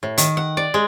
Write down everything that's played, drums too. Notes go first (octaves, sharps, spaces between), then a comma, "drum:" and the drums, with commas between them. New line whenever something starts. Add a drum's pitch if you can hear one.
A2
D#3, drum: hi-hat
F#5
D5
G#3